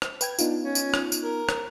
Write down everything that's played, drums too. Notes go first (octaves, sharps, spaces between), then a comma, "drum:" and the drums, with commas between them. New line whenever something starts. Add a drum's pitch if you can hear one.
drum: rim click
B4 G5 G#6, drum: tambourine
B3 D4 D#4 F4, drum: tambourine
C#4
drum: tambourine
drum: rim click
drum: tambourine
A#4
drum: rim click